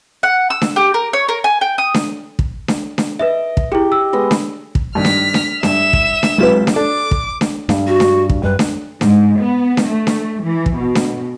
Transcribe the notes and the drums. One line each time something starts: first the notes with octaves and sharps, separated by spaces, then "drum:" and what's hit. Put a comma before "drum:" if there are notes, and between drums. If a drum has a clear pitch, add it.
F#5
E6
drum: snare D4
G4
A#4
C#5
A#4
G#5
G5
D#6
drum: snare D4
drum: kick
drum: snare D4
drum: snare D4
B4 D#5 E5 D6
drum: kick
E4 G4 G#4
E6
G#3 B3 D#5
drum: snare D4
drum: kick
G2 D#3 F6 B6
drum: snare D4
drum: snare D4
G2 E5 E7, drum: snare D4
drum: kick
drum: snare D4
B1 C3 G#3 F4 B4
drum: snare D4
D4 A4 D6
drum: kick
drum: snare D4
G2, drum: snare D4
F#4
drum: snare D4
drum: kick
F#2 G3 B4
drum: snare D4
G#2, drum: snare D4
B3
drum: snare D4
A3
drum: snare D4
E3
drum: kick
B2
drum: snare D4